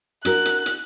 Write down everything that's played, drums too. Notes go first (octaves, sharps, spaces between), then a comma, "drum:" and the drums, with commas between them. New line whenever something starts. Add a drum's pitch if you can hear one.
D4 F#4 A#4 F#6, drum: hi-hat
drum: hi-hat
drum: hi-hat